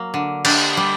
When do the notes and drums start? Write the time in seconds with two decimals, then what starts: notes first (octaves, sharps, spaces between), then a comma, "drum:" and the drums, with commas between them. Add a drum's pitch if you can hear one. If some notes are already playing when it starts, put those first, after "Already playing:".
Already playing: F#3 A#3
0.14 D3
0.45 D4 G4, drum: cymbal
0.77 G3